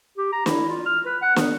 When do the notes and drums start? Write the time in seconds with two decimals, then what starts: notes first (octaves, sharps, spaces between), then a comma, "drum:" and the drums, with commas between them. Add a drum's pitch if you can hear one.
0.18 G4
0.32 A#5
0.46 E4, drum: snare
0.69 F4
0.86 F6
1.06 B4
1.22 F#5
1.36 B3, drum: snare